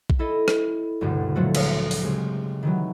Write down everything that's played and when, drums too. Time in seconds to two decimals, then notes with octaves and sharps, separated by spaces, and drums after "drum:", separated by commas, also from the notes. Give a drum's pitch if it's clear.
0.10 drum: kick A#1
0.19 E4 A4 D#5
0.48 drum: rim click
1.01 F#1 D2 G2 B2 D3
1.35 A#2 F3 F#3 G#3 A3 F#4
1.55 drum: cymbal
1.91 drum: open hi-hat
2.02 C#3 G#3 C4 G4
2.63 D#3 E3 F#3